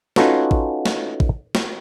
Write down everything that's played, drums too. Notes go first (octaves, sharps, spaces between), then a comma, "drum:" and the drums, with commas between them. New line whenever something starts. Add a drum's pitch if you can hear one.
C#4 D#4 F4 F#4 A4 B4, drum: snare
drum: kick A1
drum: snare
drum: kick A1
drum: snare